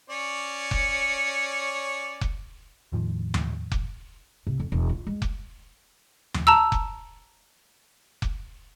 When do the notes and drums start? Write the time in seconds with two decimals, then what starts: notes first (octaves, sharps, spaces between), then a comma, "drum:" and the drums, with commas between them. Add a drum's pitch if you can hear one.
0.10 C#4 C#5 D5
0.71 drum: kick F1
2.21 drum: kick F1
2.92 E2 A2 D#3 F3
3.34 drum: tom D#2
3.72 drum: kick F1
4.47 C3
4.60 F2
4.72 E1
4.89 F4
5.07 G#3
5.22 drum: kick F1
6.34 drum: tom D#2
6.47 A5 A#5 E6
6.72 drum: kick F1
8.22 drum: kick F1